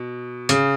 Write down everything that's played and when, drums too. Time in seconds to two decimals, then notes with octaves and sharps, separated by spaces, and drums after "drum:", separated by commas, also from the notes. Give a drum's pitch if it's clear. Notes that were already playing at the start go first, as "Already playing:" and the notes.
Already playing: B2
0.49 C#3, drum: hi-hat